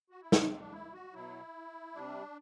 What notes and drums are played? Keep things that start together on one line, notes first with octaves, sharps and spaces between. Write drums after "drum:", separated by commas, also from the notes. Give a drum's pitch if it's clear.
F#4
E4
C3 F#3 D4, drum: snare
C4
D4
E4
F#4
B2 F#3 E4
C3 G3 D4